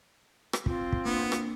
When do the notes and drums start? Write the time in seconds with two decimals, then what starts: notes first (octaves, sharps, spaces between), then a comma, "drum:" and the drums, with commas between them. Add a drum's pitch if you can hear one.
0.53 drum: rim click
0.66 C4 F4, drum: kick
0.93 drum: kick
1.06 A#3 B3 D4
1.32 drum: rim click